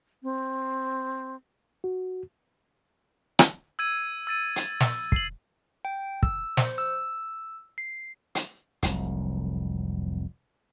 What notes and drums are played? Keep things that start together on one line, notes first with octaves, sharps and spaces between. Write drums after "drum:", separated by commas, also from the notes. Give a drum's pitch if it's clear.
C4
F#4
drum: rim click
E6 G#6 D#7
E6 A6 D#7
drum: hi-hat
drum: snare
C7 F#7, drum: kick
G5
E6, drum: kick
C5, drum: snare
E6
C7
drum: hi-hat
F1 C2 F2 F#3, drum: hi-hat